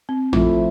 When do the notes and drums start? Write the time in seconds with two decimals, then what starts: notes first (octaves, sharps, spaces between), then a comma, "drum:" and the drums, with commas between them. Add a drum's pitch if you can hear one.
0.09 C4
0.33 F3 A3 E4 F4, drum: tom